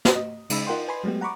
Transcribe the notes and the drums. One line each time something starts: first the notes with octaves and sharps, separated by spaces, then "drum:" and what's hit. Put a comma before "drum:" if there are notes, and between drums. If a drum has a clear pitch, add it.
drum: snare
D#5
C#3 G#3 D#4 B5 E6, drum: cymbal
D#4 F4 A#4 F#5 G5 C6
B4 G#5 B5 C6
F#3 G#3 A3 B3 G4
F#5 A#5 B5 C#6 D6